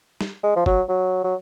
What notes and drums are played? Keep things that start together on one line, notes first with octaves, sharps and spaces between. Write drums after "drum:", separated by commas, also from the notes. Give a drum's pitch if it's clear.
drum: snare
G#3
F3
F#3, drum: kick
F#3
F#3